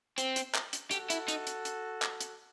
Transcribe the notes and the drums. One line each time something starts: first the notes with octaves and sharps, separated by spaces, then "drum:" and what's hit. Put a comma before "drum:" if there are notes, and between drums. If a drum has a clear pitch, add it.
C4, drum: hi-hat
drum: hi-hat
drum: clap
drum: hi-hat
F#4 G4 A4, drum: hi-hat
E4, drum: hi-hat
D#4, drum: hi-hat
drum: hi-hat
drum: hi-hat
drum: clap
drum: hi-hat